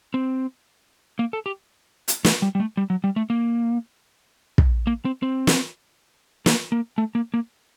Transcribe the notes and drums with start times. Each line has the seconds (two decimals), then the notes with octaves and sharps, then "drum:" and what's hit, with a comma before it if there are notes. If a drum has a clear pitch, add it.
0.14 C4
1.19 A#3
1.33 A4
1.46 G4
2.08 drum: hi-hat
2.25 A3, drum: snare
2.42 G3
2.55 G3
2.60 A3
2.77 G3
2.90 F#3
3.04 G3
3.16 A3
3.30 A#3
4.58 drum: kick
4.87 A#3
5.05 C4
5.23 C4
5.47 drum: snare
6.46 A#3, drum: snare
6.72 A#3
6.98 A3
7.15 A#3
7.34 A#3